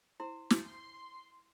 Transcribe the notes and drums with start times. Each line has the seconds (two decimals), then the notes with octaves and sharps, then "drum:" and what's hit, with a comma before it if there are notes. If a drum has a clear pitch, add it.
0.20 E4 C5
0.50 drum: snare
0.66 C6